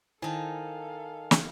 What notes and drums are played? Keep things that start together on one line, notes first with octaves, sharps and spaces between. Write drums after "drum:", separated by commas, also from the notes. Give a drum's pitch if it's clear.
D#3 D#4 E4 A4 C5 F5 G#5 A5
drum: snare